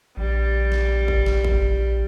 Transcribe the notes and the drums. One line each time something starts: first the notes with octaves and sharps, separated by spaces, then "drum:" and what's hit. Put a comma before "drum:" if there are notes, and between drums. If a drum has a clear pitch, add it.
A#1 G3
drum: snare
drum: kick F#1
drum: snare
drum: kick F#1